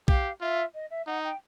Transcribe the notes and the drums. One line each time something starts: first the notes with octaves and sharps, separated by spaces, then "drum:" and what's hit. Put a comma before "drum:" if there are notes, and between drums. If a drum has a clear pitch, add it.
G4 F5, drum: kick
F4 E5
D#5
E5
D#4 F#5
G5